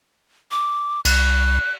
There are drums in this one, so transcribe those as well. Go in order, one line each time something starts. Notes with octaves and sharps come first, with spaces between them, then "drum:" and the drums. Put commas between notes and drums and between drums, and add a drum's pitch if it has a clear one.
D6
C2 F#6, drum: cymbal